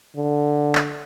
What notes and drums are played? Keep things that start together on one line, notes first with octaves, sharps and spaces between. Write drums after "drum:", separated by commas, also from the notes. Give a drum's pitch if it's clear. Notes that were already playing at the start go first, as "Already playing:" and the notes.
D3
drum: clap